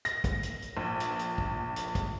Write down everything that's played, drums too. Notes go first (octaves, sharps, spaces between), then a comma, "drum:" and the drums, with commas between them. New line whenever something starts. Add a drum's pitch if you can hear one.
A#6, drum: hi-hat
drum: kick, hi-hat
drum: hi-hat
drum: hi-hat
A#1
drum: hi-hat
drum: hi-hat
drum: kick
drum: hi-hat
drum: kick, hi-hat